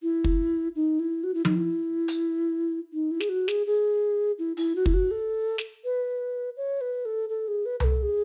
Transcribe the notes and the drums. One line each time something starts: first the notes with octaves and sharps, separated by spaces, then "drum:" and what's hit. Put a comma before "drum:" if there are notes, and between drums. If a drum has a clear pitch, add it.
E4
drum: kick
D#4
E4
F#4
E4
D#4, drum: tom F3
E4
drum: hi-hat
D#4
E4
G#4, drum: snare
F#4
G#4, drum: snare
G#4
E4
E4, drum: open hi-hat
F#4
E4, drum: kick
F#4
A4
drum: snare
B4
C#5
B4
A4
A4
G#4
B4
B4, drum: tom C2
A4
G#4